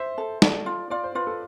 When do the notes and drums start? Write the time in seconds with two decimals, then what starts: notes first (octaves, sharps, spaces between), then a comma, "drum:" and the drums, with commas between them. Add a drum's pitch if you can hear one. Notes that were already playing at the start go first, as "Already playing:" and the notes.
Already playing: C5 E5
0.18 A4
0.42 A4 D5, drum: snare
0.66 F4
0.90 F4 D5
1.04 C5
1.15 F4 B4
1.27 A4